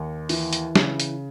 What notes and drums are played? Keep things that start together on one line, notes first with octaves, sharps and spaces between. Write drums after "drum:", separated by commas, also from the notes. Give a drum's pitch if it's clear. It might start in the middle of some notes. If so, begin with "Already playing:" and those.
Already playing: D#2
E3, drum: open hi-hat
drum: hi-hat
C#3, drum: snare
drum: hi-hat